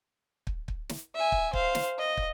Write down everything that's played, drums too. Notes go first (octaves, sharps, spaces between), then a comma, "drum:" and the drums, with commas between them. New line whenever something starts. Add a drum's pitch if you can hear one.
drum: kick
drum: kick
drum: snare
E5 G#5
drum: kick
C5 F5, drum: kick
drum: snare
D#5
drum: kick